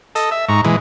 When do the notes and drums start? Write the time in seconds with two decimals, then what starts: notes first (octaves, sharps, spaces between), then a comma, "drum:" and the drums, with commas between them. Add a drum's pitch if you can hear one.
0.15 A4 D#5, drum: hi-hat
0.31 E5
0.49 G#2 A#5 C#6
0.64 E3 G#3, drum: tom